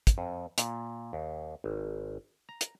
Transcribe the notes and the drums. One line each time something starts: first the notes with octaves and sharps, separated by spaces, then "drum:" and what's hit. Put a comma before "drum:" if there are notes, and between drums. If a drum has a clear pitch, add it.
drum: kick, hi-hat
F2
A#2, drum: hi-hat
D#2
G#1
A#5
drum: hi-hat